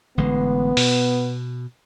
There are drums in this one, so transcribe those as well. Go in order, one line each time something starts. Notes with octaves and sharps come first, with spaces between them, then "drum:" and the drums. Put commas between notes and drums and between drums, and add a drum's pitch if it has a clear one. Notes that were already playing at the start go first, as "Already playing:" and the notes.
A1 D3 G#3 B3
B2, drum: open hi-hat